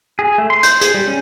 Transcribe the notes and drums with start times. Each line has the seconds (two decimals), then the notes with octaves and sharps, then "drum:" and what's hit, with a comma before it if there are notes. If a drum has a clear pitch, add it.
0.19 G#4
0.38 A3
0.50 C6
0.63 G6, drum: hi-hat
0.81 G#4, drum: hi-hat
0.94 G3
1.07 C#4